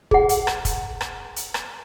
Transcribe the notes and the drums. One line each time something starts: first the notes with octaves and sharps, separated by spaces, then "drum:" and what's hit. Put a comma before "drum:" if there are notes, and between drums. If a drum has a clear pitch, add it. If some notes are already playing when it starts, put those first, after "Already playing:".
G#4 F#5, drum: kick
drum: hi-hat
drum: rim click
drum: kick, hi-hat
drum: rim click
drum: hi-hat
drum: rim click